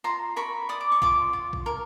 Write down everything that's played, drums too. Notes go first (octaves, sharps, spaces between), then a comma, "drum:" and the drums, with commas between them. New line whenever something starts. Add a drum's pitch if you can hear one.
F4 A#5 C6
A#4 B5 C#6
D5 D#6
D6
C#6
F4 C6 D6, drum: kick A#1
F4
drum: kick A#1
A#4